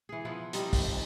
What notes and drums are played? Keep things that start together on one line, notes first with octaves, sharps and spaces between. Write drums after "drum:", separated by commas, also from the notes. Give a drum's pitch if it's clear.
E3 G#4
F3 B3 E4
D#3 G3 C4 D#4, drum: hi-hat
drum: kick, open hi-hat